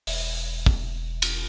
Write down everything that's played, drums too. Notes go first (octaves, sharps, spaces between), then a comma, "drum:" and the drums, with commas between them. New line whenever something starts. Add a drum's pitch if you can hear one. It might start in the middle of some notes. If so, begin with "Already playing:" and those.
E1, drum: open hi-hat
drum: kick
drum: cymbal